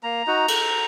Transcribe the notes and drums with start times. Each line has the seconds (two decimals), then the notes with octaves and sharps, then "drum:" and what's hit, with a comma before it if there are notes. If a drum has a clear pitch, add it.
0.03 A#3 A#5
0.27 D#4 F#4
0.48 drum: cymbal